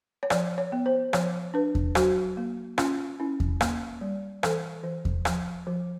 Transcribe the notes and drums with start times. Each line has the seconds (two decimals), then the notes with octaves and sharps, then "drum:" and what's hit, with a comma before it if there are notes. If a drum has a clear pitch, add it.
0.23 C#5
0.30 F3 D5, drum: rim click
0.58 C#5
0.72 B3
0.86 C5
1.13 F3 C#5, drum: rim click
1.54 D4 B4
1.75 drum: kick E2
1.95 F#3 F#4, drum: rim click
2.37 A#3
2.78 C#4 F4, drum: rim click
3.20 C#4 E4
3.40 drum: kick E2
3.61 A#3, drum: rim click
4.01 G3
4.43 E3 A4, drum: rim click
4.84 E3
5.05 drum: kick E2
5.25 F3, drum: rim click
5.67 F3